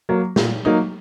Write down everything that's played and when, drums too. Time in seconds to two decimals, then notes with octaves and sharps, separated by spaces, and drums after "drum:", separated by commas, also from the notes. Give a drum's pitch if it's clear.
0.09 F#3 A#3
0.36 A#2, drum: snare
0.65 F#3 A#3 D#4